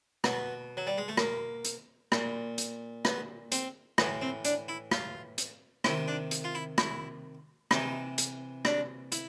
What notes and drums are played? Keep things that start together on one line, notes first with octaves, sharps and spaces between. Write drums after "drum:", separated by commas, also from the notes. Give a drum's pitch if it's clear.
B2 B3, drum: rim click
F#3
G3
G#3
A3
A#3, drum: rim click
drum: hi-hat
A#2, drum: rim click
drum: hi-hat
B3, drum: rim click
C4, drum: hi-hat
A2 E3 B3, drum: rim click
C4
D4, drum: hi-hat
E4
F4, drum: rim click
drum: hi-hat
C3 D#3 E4, drum: rim click
D4
drum: hi-hat
F4
E4
E4, drum: rim click
C3 E3 D#4, drum: rim click
drum: hi-hat
D4, drum: rim click
E4, drum: hi-hat